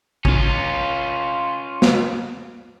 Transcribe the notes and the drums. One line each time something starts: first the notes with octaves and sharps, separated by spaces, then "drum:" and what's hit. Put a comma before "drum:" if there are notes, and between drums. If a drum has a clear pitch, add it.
C#4 F4, drum: kick A1
drum: snare